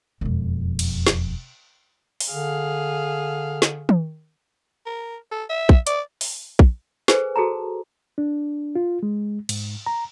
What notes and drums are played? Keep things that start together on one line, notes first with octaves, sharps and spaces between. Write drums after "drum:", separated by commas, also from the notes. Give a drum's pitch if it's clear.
E1 F2
drum: cymbal
drum: snare
drum: open hi-hat
D3 G#4 F5
drum: snare
drum: tom
A#4
A4
E5
drum: kick
D5, drum: hi-hat
drum: open hi-hat
drum: kick
G#4 A4 B4 C5 G#5, drum: snare
F#4 G#4 A4 A5 A#5
D4
F4
G#3
G#2, drum: cymbal
A#5